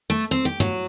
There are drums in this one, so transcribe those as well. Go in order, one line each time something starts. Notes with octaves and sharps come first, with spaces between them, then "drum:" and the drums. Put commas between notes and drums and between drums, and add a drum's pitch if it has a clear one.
A3
C4
G4
F#3, drum: tom G2